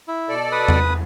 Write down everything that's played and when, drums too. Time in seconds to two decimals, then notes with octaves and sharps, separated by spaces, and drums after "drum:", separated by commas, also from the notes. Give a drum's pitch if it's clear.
0.08 E4
0.29 B2 A4 D5
0.52 B4 D#6
0.68 drum: tom E2